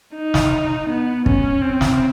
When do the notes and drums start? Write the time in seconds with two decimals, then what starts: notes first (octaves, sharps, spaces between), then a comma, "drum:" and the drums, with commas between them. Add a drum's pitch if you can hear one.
0.16 D#4
0.34 drum: snare
0.89 B3
1.26 C#4, drum: kick
1.62 C4
1.81 drum: snare